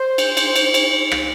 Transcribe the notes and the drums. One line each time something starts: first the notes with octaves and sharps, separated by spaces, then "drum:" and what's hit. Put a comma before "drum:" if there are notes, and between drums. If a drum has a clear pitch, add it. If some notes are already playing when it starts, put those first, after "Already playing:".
Already playing: C5
drum: cymbal
drum: cymbal
drum: cymbal
drum: cymbal
drum: rim click